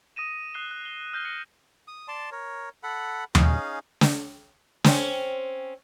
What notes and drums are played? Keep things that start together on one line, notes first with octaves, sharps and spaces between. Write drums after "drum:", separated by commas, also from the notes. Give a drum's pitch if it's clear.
D#6 A#6 D#7 E7
D#6 F#6 C7 G7
F#6
G7
F6 G6 A#6 G7
F6 A#6 C#7 F#7
D#6
D5 A5 C6
A#4 C#5
A4 F#5 B5
C#4 D#4 G#4 F5, drum: tom D#2
drum: snare
C4 C#4, drum: snare